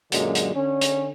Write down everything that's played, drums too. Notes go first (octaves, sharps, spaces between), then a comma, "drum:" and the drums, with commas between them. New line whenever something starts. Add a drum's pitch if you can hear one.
F#2 A#2 D3 F#3 G#3, drum: hi-hat
drum: hi-hat
D3 C#4
drum: hi-hat